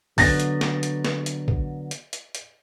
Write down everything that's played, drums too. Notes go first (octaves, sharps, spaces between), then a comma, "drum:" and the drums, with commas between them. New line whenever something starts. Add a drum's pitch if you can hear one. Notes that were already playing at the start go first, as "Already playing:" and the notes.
D3 F#3 B3 A6 A#6, drum: kick, open hi-hat
drum: hi-hat
drum: snare
drum: hi-hat
drum: snare
drum: hi-hat
drum: kick
drum: hi-hat
drum: hi-hat
drum: hi-hat